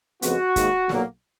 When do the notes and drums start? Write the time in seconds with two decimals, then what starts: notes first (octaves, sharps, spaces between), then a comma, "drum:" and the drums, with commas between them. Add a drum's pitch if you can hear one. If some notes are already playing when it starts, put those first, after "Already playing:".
0.22 F2 C#3 G#3 B3 F#4, drum: hi-hat
0.56 G#2 D#3 A#3, drum: kick, hi-hat
0.89 B1 A#2 F#3 A#3, drum: snare